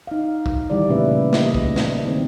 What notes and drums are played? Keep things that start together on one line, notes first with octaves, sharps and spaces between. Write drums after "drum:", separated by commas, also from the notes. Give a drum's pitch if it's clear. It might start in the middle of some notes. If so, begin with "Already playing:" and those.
D#4 F5
drum: kick
D#3 E3 G3 E4 D5
A#2 C#3 A3 C#4 B4 E5
A#3 D#5, drum: snare
drum: kick
drum: snare
D#3 C4